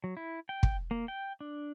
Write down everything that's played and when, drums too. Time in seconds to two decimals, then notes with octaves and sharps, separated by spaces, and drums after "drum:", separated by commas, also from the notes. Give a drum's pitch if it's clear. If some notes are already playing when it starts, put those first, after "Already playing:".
0.04 F#3
0.17 E4
0.49 G5
0.63 drum: kick
0.91 A#3
1.08 G5
1.40 D4